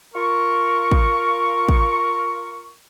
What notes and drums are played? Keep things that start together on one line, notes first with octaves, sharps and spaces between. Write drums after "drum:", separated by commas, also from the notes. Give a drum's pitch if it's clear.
F4 A#4 C#6
drum: kick
drum: kick